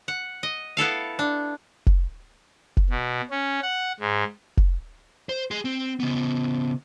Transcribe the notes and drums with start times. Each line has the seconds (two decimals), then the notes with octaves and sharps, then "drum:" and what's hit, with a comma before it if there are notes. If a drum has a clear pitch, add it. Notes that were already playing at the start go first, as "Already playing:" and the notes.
0.08 F#5
0.43 D#5
0.77 B3 E4 A4 F5
1.19 D4
1.87 drum: kick F1
2.77 drum: kick F1
2.90 B2
3.30 C#4
3.63 F#5
4.00 G#2
4.57 drum: kick F1
5.29 C5
5.51 G#4 C6
5.65 C4
6.00 C#3 B3